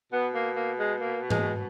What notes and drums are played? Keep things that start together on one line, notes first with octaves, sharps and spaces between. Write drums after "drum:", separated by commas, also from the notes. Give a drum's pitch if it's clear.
B2 B3
A#3
A#3
G#3
A#3
G#3, drum: tom G#2